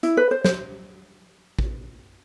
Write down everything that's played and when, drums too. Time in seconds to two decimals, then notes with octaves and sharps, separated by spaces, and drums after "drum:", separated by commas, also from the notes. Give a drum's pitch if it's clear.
0.03 E4, drum: hi-hat
0.17 B4
0.31 C5
0.44 C5, drum: snare
1.59 drum: kick A1